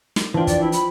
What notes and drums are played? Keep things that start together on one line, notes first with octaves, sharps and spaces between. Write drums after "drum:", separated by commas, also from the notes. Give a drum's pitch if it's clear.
drum: snare
E3 F3 D4 F4 G5
D5, drum: kick, hi-hat
E4
B5, drum: hi-hat